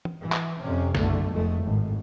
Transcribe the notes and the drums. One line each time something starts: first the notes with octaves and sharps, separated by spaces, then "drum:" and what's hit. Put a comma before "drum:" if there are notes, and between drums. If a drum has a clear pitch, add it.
drum: tom E3
E3
drum: clap
F2 C3 C#4
F#1 B1 D3 A3, drum: snare
F1 G#3 A3
G#1 A2